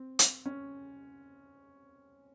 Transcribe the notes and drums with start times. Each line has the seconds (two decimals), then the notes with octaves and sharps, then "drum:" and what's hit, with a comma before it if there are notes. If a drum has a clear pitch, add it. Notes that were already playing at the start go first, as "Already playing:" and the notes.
Already playing: C4
0.19 drum: hi-hat
0.46 C#4